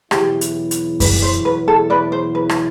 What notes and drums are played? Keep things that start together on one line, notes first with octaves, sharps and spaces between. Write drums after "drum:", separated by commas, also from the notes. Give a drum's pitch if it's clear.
E2 B2 F#3 B3 E4 G4, drum: rim click
drum: hi-hat
drum: hi-hat
B4, drum: kick F#2, open hi-hat
C5
B4
A4
B4 D5
C5
B4
drum: rim click